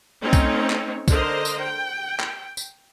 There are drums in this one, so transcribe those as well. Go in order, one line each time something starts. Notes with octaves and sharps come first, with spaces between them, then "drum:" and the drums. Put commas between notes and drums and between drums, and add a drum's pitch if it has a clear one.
A3 C4 C#4 D#4 C#5
drum: kick C2, tambourine
drum: clap
D3 A#4 C5 D#5, drum: kick C2, tambourine
drum: tambourine
G5
drum: clap
drum: tambourine